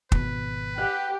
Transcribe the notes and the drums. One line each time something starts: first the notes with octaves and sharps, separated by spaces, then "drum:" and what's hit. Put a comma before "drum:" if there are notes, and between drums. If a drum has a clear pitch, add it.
G#1 B2 B4, drum: kick
G4 F#5